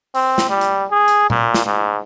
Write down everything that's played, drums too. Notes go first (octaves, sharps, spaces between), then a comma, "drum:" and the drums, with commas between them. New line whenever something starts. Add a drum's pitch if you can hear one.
C4, drum: open hi-hat
drum: snare
G3
drum: hi-hat
G#4
drum: hi-hat
A#2, drum: tom A#2
drum: snare
G#2